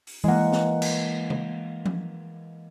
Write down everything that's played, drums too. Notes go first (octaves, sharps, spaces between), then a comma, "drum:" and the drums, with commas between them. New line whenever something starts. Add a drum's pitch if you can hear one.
drum: open hi-hat
E3 G#3 A#3 F#5
drum: snare
drum: cymbal
drum: tom C#3
drum: tom F3